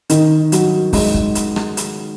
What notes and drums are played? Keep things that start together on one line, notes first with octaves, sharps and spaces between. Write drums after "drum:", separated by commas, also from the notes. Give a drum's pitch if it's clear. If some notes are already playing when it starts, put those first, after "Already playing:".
D#3, drum: hi-hat
F#3, drum: hi-hat
G#3, drum: kick, open hi-hat
drum: kick
drum: hi-hat
drum: rim click
drum: hi-hat